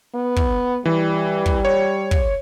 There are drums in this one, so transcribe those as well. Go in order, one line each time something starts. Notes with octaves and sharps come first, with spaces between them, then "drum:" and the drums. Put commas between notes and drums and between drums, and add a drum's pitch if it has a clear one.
B3
drum: kick
E3 G3
drum: kick
C#5
drum: kick